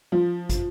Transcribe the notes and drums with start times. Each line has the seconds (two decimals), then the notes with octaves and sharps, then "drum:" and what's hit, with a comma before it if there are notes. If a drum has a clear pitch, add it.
0.12 F3
0.50 drum: kick, hi-hat